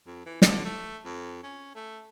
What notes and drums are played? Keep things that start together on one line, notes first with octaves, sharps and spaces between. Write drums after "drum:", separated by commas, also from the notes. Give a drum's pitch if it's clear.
F2
E3
D3, drum: snare
A3
F2
C#4
A3